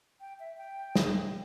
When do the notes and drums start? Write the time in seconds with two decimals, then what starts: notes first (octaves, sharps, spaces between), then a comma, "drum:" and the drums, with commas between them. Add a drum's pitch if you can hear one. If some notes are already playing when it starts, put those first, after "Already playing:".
0.20 G5
0.40 E5
0.57 G5
0.95 drum: snare